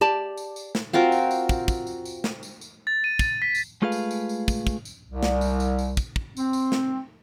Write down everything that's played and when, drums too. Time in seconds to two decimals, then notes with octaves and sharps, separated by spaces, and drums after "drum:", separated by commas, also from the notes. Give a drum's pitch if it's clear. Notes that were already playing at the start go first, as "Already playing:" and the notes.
0.01 G4 D5 A5
0.37 drum: tambourine
0.56 drum: tambourine
0.75 drum: snare
0.93 C4 F4 F#4 A#4
1.12 drum: tambourine
1.31 drum: tambourine
1.49 drum: kick, tambourine
1.68 drum: kick, tambourine
1.87 drum: tambourine
2.05 drum: tambourine
2.24 drum: snare
2.43 drum: tambourine
2.61 drum: tambourine
2.87 A6
3.04 D#7
3.19 A6, drum: kick, tambourine
3.42 B6
3.55 drum: tambourine
3.82 G#3 A3 F4 G#4 B4 F5
3.92 drum: tambourine
4.11 drum: tambourine
4.29 drum: tambourine
4.48 drum: kick, tambourine
4.67 drum: kick, tambourine
4.85 drum: tambourine
5.11 C2
5.23 drum: snare
5.41 drum: tambourine
5.60 drum: tambourine
5.79 drum: tambourine
5.97 drum: kick, tambourine
6.16 drum: kick
6.37 C4, drum: tambourine
6.53 drum: tambourine
6.72 drum: snare